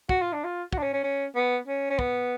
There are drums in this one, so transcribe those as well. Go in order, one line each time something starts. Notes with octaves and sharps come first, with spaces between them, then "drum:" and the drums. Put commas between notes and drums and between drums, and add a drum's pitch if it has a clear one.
F#4, drum: kick
F4
D4
F4
F#4, drum: kick
D4
C#4
C#4
C#4
B3
C#4
C#4
B3, drum: kick